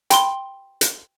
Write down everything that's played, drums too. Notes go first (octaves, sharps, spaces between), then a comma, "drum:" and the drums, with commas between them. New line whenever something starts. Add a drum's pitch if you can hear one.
G5 B5 C6 G7, drum: hi-hat
drum: hi-hat